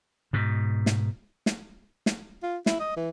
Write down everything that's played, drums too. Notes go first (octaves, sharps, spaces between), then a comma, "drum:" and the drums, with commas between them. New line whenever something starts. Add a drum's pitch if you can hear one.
G#2 B2
drum: snare
drum: snare
drum: snare
F4
E4, drum: snare
D#5
E3